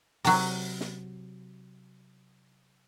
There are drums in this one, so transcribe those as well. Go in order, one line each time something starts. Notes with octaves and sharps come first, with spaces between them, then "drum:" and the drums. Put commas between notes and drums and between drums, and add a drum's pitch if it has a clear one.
C3 F#3, drum: open hi-hat
drum: snare